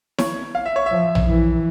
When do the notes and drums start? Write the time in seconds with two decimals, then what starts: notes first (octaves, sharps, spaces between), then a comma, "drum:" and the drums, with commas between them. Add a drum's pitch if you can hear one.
0.18 C#5, drum: snare E4
0.55 F5
0.66 E5
0.76 C#5
0.86 E5
0.91 F3
1.15 drum: tom A#1
1.28 E3